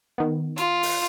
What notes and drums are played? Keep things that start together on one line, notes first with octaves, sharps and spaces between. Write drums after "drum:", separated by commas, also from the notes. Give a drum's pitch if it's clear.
D#3 B3
F4, drum: hi-hat
drum: open hi-hat